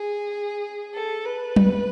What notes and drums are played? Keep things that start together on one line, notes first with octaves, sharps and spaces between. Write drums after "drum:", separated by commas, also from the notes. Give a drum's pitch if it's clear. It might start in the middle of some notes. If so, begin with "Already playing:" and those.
Already playing: G#4
A4
B4
drum: tom F#3